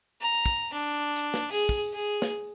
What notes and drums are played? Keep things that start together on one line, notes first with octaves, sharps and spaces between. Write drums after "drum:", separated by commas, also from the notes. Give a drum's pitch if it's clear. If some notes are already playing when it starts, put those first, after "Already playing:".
A#5
drum: kick, hi-hat
D4
drum: hi-hat
drum: snare
G#4, drum: open hi-hat
drum: kick
G#4
drum: snare